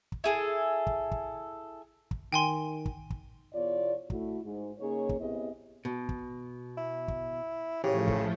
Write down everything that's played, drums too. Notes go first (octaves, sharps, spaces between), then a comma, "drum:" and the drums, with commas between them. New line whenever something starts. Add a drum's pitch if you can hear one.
drum: kick
E4 G#4 A4
drum: kick
drum: kick
drum: kick
D#3 G5 G#5 C6
drum: kick
drum: kick
E2 B2 F4 C#5 D5
A3 E4 F#4, drum: kick
G#2
C#3 A#3 D#4 G#4 C#5
drum: kick
B3 C4 E4 G4 G#4 D#5
B2
drum: kick
E4
drum: kick
A2 C#3 E3 F3 A3 G4 C#5
drum: kick